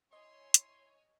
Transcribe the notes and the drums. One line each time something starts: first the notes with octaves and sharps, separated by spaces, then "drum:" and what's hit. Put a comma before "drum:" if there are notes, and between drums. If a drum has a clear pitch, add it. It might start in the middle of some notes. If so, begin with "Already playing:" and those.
E4 C#5 D#5 G#5 C6
drum: hi-hat